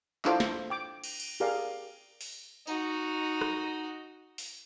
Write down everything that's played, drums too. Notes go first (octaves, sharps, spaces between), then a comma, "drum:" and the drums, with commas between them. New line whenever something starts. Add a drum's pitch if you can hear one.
D4 E4 F4 A4 C5 D6, drum: clap
drum: snare
G5 D6
drum: cymbal
drum: cymbal
G4 G#4 A#4 D5 F5
drum: open hi-hat
D#4 F#4, drum: tambourine
drum: rim click
drum: open hi-hat